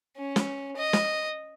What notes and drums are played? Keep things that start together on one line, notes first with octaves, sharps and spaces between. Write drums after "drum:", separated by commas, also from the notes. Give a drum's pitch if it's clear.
C#4
drum: snare
D#5
drum: snare